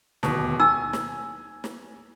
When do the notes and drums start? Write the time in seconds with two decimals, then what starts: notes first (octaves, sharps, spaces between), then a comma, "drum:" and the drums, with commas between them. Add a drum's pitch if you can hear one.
0.23 D1 D#2 B2, drum: snare
0.60 D#4 G#5 E6
0.93 drum: snare
1.64 drum: snare